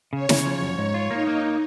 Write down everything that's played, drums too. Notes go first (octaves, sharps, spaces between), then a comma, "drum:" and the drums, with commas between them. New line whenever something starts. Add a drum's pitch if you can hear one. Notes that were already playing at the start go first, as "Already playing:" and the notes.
C#3 C#5
C#3, drum: snare
F3
F#2
G#2 C#5
F4
A#3 D#4
A#3